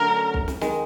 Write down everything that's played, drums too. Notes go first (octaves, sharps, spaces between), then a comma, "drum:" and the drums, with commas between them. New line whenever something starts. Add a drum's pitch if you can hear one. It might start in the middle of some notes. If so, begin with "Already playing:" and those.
Already playing: D3 F#3 A3 C#4 A#4
drum: kick
drum: snare
D#3 G#3, drum: snare